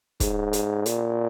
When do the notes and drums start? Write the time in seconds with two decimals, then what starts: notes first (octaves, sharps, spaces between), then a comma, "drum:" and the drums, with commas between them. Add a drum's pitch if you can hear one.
0.20 G#2, drum: kick, hi-hat
0.53 drum: hi-hat
0.86 A#2, drum: hi-hat